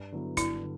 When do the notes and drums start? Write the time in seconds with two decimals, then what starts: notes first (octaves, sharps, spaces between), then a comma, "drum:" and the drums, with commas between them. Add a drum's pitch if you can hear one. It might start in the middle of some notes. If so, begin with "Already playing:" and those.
Already playing: G2
0.12 D3 F#3 B3 E4
0.37 G2 E4, drum: kick, hi-hat
0.61 D3